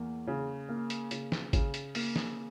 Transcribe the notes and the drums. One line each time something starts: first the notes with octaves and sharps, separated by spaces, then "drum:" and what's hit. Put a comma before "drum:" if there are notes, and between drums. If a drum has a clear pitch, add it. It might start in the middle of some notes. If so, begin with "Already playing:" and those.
Already playing: E2 A#3
C#3
A#3
drum: hi-hat
C#3, drum: hi-hat
drum: snare
C#3, drum: kick G#1, hi-hat
drum: hi-hat
A#3, drum: open hi-hat
drum: snare